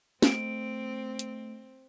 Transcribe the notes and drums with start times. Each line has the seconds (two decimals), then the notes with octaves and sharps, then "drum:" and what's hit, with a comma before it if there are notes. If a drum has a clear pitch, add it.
0.22 A3 C4 D7, drum: snare
1.19 drum: hi-hat